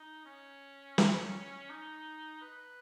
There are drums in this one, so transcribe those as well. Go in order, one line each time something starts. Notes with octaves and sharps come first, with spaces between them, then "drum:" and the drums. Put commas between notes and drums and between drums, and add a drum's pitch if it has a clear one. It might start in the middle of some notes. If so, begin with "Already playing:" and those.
Already playing: D#4
C#4
drum: snare
D#4
B4